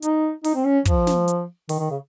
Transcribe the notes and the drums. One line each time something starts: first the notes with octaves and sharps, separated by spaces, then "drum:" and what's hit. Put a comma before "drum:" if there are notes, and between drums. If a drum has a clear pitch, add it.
D#4, drum: hi-hat
D#4, drum: open hi-hat
C4
C#4
F3, drum: kick, hi-hat
drum: snare
drum: hi-hat
D#3, drum: open hi-hat
D#3
C#3